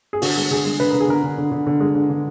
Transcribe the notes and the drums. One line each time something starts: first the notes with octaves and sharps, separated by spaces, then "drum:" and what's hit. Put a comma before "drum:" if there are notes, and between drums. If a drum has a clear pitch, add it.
G#4
D3 F#4, drum: open hi-hat
G#3
D3 G#4
G#3
D3 B4
D3 A#4
G#4
D3 A#4
D3
D3
D3
D3
G#3
D3
D3